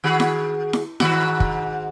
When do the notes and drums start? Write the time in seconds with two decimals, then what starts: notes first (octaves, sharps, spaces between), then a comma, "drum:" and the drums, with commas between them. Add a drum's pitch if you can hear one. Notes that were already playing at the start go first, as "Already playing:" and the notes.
0.04 D#3 F#4 G#4
0.20 drum: snare E4
0.73 drum: snare E4
1.00 G#2 D#3 F#4, drum: snare E4
1.40 drum: kick